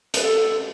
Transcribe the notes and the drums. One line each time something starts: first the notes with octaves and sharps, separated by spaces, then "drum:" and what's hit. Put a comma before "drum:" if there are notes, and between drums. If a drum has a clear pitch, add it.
B4, drum: hi-hat
A4